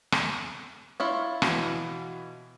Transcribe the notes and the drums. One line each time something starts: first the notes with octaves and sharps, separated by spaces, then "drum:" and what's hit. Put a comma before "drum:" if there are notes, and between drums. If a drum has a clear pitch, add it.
drum: rim click
E4 F4 C#5
B2 E3, drum: rim click